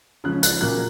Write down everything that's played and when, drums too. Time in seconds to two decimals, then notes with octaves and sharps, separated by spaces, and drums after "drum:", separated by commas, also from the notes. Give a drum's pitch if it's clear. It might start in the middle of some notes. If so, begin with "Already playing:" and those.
0.24 C#3 F3 G#3 C#4 F#6
0.43 F#6, drum: hi-hat
0.61 A#2 F#3 A#3 C#4 F#6